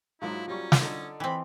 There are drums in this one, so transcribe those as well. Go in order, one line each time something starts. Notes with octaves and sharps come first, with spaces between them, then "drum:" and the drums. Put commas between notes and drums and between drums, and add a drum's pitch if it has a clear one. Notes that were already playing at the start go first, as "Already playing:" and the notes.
G#2 F3 F#3 A#3 E4
F#3 G3 C#4 C#6
drum: snare
D3 D#4 A4
E3 C4 G5 B5